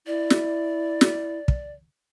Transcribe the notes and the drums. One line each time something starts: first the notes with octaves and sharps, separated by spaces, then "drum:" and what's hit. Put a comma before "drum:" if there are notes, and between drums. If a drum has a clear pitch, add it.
E4 D5
drum: snare
drum: snare
drum: kick